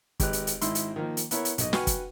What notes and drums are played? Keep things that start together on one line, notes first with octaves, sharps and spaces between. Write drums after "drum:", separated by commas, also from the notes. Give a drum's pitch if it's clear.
G#1 G4 B4 F#6, drum: kick, hi-hat
drum: hi-hat
drum: hi-hat
G#1 G#2 E4 C6 E6, drum: hi-hat
drum: hi-hat
D#3 F3 A#3
drum: hi-hat
B3 E4 A#4 C#5, drum: hi-hat
drum: hi-hat
B1 D#5, drum: hi-hat
F#4 B4 G5 G#5 C#6 F6, drum: snare
drum: kick, hi-hat